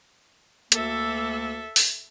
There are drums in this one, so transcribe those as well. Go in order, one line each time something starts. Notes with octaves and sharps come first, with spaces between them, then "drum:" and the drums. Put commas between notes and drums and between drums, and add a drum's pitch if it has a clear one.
D2 A#3 A4 E5, drum: hi-hat
drum: open hi-hat